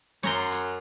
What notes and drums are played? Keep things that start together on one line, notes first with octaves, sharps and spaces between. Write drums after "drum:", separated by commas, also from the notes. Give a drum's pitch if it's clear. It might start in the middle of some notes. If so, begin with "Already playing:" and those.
F#2 C#5 A#5 C6, drum: snare
drum: hi-hat